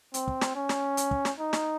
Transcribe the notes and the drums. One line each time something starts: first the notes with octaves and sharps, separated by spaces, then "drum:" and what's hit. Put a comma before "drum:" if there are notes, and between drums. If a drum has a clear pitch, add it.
C4, drum: hi-hat
drum: kick
drum: snare
C#4
drum: snare
drum: hi-hat
drum: kick
drum: snare
D#4
drum: snare